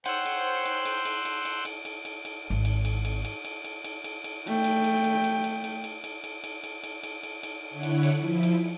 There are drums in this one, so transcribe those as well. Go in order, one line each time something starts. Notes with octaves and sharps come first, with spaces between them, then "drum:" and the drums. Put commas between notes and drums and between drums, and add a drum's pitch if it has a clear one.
C5 C#5 F#5 G5 C6 E6 F#6 G6, drum: cymbal
drum: cymbal
drum: cymbal
drum: cymbal
drum: cymbal
drum: cymbal
drum: cymbal
drum: cymbal
drum: cymbal
drum: cymbal
drum: cymbal
G#1 C4
drum: cymbal
drum: cymbal
drum: cymbal
drum: cymbal
drum: cymbal
drum: cymbal
drum: cymbal
drum: cymbal
drum: cymbal
A3 G5, drum: cymbal
drum: cymbal
drum: cymbal
drum: cymbal
drum: cymbal
drum: cymbal
drum: cymbal
drum: cymbal
drum: cymbal
drum: cymbal
drum: cymbal
drum: cymbal
drum: cymbal
drum: cymbal
drum: cymbal
drum: cymbal
D3 E4 C#5 F#5 F#6
drum: cymbal
drum: cymbal
F3 E4
drum: cymbal